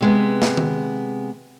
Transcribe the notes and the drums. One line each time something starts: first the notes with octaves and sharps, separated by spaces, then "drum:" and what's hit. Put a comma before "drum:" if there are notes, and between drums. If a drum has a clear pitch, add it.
C3 G#3 B3
drum: snare
drum: tom D#3